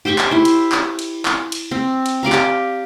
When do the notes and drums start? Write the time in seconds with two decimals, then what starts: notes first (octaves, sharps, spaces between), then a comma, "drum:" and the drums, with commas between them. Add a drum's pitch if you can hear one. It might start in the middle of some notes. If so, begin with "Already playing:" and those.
0.05 G4 C5 G5 C#6
0.18 drum: clap
0.31 E4 C5
0.45 drum: cymbal
0.72 drum: clap
0.99 drum: cymbal
1.25 drum: clap
1.52 drum: cymbal
1.71 C4
2.06 drum: cymbal
2.23 G4 D5 F5 A#5
2.32 drum: clap